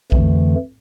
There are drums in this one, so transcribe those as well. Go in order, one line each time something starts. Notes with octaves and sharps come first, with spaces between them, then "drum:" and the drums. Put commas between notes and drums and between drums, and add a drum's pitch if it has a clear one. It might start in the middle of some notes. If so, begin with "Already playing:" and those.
F2 D3 E3 A3, drum: kick